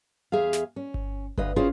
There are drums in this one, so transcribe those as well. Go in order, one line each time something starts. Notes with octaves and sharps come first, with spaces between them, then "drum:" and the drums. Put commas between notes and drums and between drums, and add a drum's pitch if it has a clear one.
E2 G#4 E5 F5
drum: snare
C#4
drum: kick G1
D2 B4 D#5 F5, drum: kick G1
C#4 E4 F4 G#4 C5 D#5